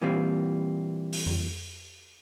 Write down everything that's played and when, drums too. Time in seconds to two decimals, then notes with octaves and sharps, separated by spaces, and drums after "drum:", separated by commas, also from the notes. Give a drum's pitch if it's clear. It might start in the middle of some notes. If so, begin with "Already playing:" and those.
0.01 A#2 E3 G3 C4
1.12 drum: open hi-hat
1.26 drum: tom F2